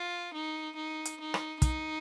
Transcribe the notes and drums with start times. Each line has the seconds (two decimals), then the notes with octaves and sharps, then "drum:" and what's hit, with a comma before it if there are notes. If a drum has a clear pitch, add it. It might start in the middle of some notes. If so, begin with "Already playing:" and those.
Already playing: F4
0.34 D#4
0.77 D#4
1.05 drum: hi-hat
1.20 D#4
1.34 drum: rim click
1.62 D#4, drum: kick, hi-hat